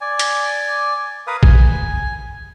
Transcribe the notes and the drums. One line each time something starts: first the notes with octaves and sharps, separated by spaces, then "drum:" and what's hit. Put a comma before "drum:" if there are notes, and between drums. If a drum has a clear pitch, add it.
D5 G#5
drum: hi-hat
A#4 B4 F5 D#6
G#5, drum: kick